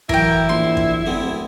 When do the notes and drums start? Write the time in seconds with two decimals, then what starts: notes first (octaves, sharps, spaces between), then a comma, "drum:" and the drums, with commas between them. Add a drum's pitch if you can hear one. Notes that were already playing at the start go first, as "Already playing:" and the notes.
0.09 A1 F#3 E4 A#4 G5, drum: kick
0.49 A#1 C6
0.77 drum: kick
1.06 D1 D3 B3 C4